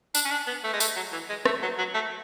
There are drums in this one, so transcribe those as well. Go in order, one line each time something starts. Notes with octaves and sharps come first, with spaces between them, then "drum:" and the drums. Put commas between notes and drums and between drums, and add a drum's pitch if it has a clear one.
D4, drum: tambourine
C#4
D4
B3
A3
G#3
A3, drum: tambourine
F#3
E3
G#3
A3, drum: rim click
F#3
F#3
A3